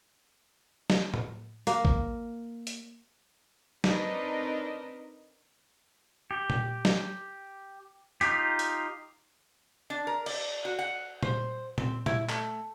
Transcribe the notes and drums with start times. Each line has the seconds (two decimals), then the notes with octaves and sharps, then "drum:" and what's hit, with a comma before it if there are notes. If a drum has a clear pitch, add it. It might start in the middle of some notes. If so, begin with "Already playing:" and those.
0.90 drum: snare
1.14 drum: tom A2
1.67 A#3, drum: hi-hat
1.85 drum: kick
2.67 drum: hi-hat
3.84 C4 D4 D#4 A#4 B4 D#5, drum: snare
6.31 G4
6.50 drum: tom A#2
6.85 drum: snare
8.21 D#4 F4 G4, drum: hi-hat
8.59 drum: hi-hat
9.90 D4
10.07 A#4
10.26 D5, drum: cymbal
10.65 F#4
10.79 F#5
11.23 C5, drum: tom A#2
11.78 C4, drum: tom A#2
12.06 E4, drum: tom A#2
12.29 A3, drum: clap